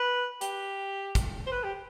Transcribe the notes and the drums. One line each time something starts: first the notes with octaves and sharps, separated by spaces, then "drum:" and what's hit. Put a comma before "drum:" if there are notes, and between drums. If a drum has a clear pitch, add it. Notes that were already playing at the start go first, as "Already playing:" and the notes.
Already playing: B4
G4, drum: hi-hat
drum: kick, hi-hat
C5
B4
G4